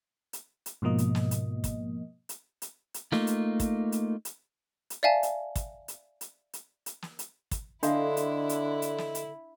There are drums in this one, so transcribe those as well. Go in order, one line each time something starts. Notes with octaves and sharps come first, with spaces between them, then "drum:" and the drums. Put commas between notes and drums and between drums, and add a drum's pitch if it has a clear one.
drum: hi-hat
drum: hi-hat
G#2 B2 F3 A#3 D#5
drum: hi-hat
drum: snare
drum: hi-hat
drum: kick, hi-hat
drum: hi-hat
drum: hi-hat
drum: hi-hat
A3 A#3 D#4 F4, drum: snare
drum: hi-hat
drum: kick, hi-hat
drum: hi-hat
drum: hi-hat
drum: hi-hat
D5 E5 F5 G#5 A5
drum: hi-hat
drum: kick, hi-hat
drum: hi-hat
drum: hi-hat
drum: hi-hat
drum: hi-hat
drum: snare
drum: hi-hat
drum: kick, hi-hat
D3 D4 E4 A4 D#5 F5 C6, drum: hi-hat
drum: hi-hat
drum: hi-hat
drum: hi-hat
drum: snare
drum: hi-hat